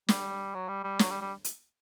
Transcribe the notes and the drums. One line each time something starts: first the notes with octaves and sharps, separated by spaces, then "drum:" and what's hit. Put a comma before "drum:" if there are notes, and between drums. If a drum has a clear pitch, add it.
G3, drum: snare
F#3
G3
G3
F#3, drum: snare
G3
G3
drum: hi-hat